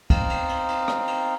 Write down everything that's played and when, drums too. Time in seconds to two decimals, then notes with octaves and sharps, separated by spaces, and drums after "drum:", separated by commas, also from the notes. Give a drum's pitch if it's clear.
0.10 C4 D#4 F5, drum: kick, cymbal
0.30 drum: cymbal
0.49 drum: cymbal
0.69 drum: cymbal
0.88 drum: rim click
1.07 drum: cymbal